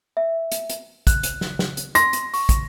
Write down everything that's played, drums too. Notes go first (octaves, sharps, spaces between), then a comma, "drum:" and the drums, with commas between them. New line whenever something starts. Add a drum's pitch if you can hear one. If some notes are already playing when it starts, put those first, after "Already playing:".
E5
drum: hi-hat
drum: hi-hat
F#6, drum: kick, hi-hat
drum: hi-hat
drum: snare
drum: snare
drum: hi-hat
C6 A#6, drum: hi-hat
drum: hi-hat
C#6, drum: open hi-hat
drum: kick, hi-hat